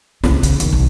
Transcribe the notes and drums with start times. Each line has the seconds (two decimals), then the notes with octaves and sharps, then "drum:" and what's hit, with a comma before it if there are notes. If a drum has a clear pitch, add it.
0.24 C#2 C#4, drum: snare
0.43 C#3, drum: hi-hat
0.60 D#2, drum: hi-hat
0.73 B1